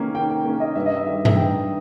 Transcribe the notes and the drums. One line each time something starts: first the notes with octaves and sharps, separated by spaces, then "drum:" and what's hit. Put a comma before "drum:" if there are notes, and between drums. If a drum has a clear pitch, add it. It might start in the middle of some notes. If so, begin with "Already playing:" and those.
Already playing: D#3 A#3 C#4
D#3 G5
G5
A#3 C#4
D#5
G2 E5
D#5
E5
D#3 G3 E5
E5, drum: tom G2
G2 G5